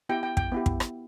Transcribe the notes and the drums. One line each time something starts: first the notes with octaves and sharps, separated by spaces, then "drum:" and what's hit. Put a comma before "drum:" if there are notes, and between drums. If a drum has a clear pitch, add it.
B3 E4 G4 G5
G5
G5, drum: kick
B3 E4 G4
drum: kick
drum: rim click